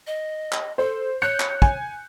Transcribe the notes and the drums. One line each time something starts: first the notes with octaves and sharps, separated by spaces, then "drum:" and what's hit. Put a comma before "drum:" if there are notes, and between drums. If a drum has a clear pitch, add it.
D#5
drum: clap
A4 C5
C#5 F#6 G6 C#7
drum: clap
G#5, drum: kick